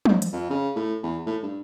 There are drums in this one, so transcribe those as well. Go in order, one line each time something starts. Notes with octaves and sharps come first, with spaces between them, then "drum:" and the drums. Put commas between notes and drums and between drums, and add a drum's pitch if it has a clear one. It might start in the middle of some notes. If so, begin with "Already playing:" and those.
drum: tom
drum: hi-hat
F2
C#3
A2
E2
A2
G2